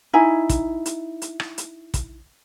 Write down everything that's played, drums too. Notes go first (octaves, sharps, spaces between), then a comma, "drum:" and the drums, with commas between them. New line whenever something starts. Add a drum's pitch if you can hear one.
D#4 E4 G#5
drum: kick, hi-hat
drum: hi-hat
drum: hi-hat
drum: rim click
drum: hi-hat
drum: kick, hi-hat